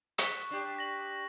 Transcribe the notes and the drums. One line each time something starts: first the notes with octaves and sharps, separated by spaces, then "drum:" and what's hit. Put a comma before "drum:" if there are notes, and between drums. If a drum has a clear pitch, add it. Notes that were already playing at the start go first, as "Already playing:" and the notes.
C#6 F#6 B6, drum: hi-hat
D4 G4
A#6 F#7